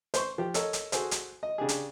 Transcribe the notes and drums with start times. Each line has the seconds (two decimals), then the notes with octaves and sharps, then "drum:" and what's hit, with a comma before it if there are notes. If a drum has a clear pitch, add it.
0.14 C5 C6 C#6, drum: hi-hat
0.38 F3 G4
0.54 A4 A#4 C#5 D#5, drum: hi-hat
0.73 drum: hi-hat
0.92 F#4 G#4 A4 C5, drum: hi-hat
1.11 drum: hi-hat
1.43 D#5
1.58 C#3 D4 G4 G#4
1.69 drum: hi-hat